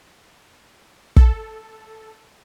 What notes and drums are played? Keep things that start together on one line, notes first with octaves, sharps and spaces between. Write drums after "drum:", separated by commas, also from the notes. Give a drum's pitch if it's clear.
A4, drum: kick